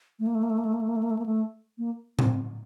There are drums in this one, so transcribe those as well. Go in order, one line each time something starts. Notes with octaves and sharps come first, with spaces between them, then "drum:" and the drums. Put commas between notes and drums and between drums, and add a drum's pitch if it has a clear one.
A3
A#3
A3
A#3
A3
A#3
A3
A#3
A3
A#3
A3
A#3
A3
A#3
A3
A#3
C4, drum: tom A2